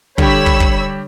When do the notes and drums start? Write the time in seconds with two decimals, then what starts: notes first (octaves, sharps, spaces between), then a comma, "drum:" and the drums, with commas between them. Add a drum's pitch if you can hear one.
0.18 D3 G3 G4 C#5 B5 E6, drum: kick
0.46 drum: kick
0.60 drum: kick